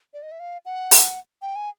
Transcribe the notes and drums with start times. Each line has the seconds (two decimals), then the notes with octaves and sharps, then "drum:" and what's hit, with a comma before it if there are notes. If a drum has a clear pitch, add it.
0.14 D5
0.23 D#5
0.32 E5
0.40 F5
0.65 F#5
0.91 drum: open hi-hat
1.42 G5
1.56 G#5